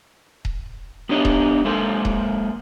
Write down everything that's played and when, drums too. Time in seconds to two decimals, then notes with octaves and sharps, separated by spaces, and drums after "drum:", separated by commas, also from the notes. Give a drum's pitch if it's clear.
0.45 drum: kick D#1
1.09 B3 D4 G4 C#5 D#5
1.25 drum: kick D#1
1.65 G#3 A#3 A4 C5
2.05 drum: kick D#1